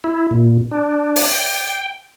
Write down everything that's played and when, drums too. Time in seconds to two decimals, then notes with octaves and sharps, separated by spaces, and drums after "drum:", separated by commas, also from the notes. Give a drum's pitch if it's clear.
0.04 E4
0.31 A#2
0.71 D4
1.16 drum: open hi-hat
1.32 G5